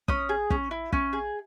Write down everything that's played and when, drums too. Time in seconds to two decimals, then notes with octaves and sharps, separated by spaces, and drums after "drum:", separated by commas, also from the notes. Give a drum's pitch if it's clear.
0.08 C#4 D#6, drum: kick
0.29 G#4
0.50 C#4, drum: kick
0.71 E4
0.93 C#4, drum: kick
1.13 G#4